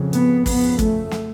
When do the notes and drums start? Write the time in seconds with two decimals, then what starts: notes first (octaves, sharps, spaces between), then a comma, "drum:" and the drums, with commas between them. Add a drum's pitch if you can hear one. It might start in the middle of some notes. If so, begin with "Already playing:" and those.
Already playing: F2 C#3
0.13 B3, drum: hi-hat
0.46 F2 C#3 B3, drum: kick, open hi-hat
0.79 A3, drum: kick, hi-hat
1.11 drum: snare